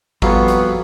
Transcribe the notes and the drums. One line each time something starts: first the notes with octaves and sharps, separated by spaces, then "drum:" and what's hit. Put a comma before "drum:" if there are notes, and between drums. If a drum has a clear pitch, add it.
F2 A#2 F#3 G3 B3 F4 C#5, drum: kick
drum: hi-hat